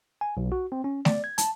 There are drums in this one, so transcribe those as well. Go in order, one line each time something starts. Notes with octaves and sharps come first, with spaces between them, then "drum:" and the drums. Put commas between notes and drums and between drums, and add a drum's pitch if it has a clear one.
G#5
B1
F#4
C4
C#4
D5, drum: snare A3
G#6
A5, drum: hi-hat